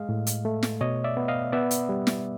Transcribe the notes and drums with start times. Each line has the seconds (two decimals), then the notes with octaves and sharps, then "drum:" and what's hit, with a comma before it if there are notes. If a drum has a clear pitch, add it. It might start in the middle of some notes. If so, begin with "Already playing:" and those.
Already playing: G#3 D#5 F5
0.09 A2
0.27 drum: hi-hat
0.45 A3
0.63 drum: snare
0.81 B2 C#5 D#5
1.04 D5 E5
1.17 B3
1.28 D#5 F5
1.53 B3 D5 E5
1.71 drum: hi-hat
1.89 G3
2.07 drum: snare